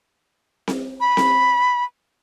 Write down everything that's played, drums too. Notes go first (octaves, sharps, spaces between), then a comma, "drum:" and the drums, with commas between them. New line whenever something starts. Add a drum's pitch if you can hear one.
drum: snare C4
B5
drum: snare C4